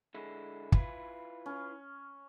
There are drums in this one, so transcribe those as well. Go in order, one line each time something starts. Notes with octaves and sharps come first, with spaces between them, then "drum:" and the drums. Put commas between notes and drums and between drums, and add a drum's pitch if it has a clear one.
D3 G#3 E4
E4 F4 B4, drum: kick
C#4